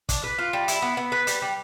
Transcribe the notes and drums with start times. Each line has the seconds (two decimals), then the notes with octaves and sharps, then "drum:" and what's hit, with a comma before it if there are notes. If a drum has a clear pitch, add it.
0.09 D4, drum: kick, hi-hat
0.24 B4
0.38 F4
0.53 G3
0.68 E4, drum: hi-hat
0.82 B3
0.97 B3
1.12 B4
1.27 G3, drum: hi-hat
1.42 G3